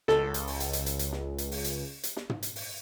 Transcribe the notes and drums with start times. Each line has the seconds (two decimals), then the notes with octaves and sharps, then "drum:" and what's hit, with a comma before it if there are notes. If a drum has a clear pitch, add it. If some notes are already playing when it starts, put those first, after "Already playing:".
0.08 C#2 A4, drum: snare
0.34 drum: hi-hat
0.47 drum: open hi-hat
0.60 drum: hi-hat
0.73 drum: hi-hat
0.86 drum: hi-hat
0.99 drum: hi-hat
1.12 drum: snare
1.38 drum: hi-hat
1.51 drum: open hi-hat
1.64 drum: hi-hat
2.03 drum: hi-hat
2.17 drum: snare
2.30 drum: tom
2.43 drum: hi-hat
2.56 drum: open hi-hat